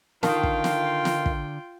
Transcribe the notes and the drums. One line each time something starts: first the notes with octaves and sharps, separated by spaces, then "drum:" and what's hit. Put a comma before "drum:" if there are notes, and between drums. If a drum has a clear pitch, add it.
D3 D#3 F4 F5 G5 A5 C#6, drum: snare
drum: kick
drum: snare
drum: snare
drum: kick